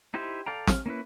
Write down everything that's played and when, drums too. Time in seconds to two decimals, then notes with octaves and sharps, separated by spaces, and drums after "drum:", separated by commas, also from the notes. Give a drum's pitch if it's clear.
0.14 D#4 E4 G4 C5 E5
0.46 A4 D5 F5 G5 A#5
0.67 F6, drum: snare
0.86 A#3 C#4 E4 B4